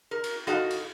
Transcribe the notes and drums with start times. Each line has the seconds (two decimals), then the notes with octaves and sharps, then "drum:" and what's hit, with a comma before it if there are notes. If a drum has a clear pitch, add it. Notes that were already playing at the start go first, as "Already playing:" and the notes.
0.11 A#4
0.24 drum: cymbal
0.47 D#4 F#4 A4 F5, drum: rim click
0.71 drum: cymbal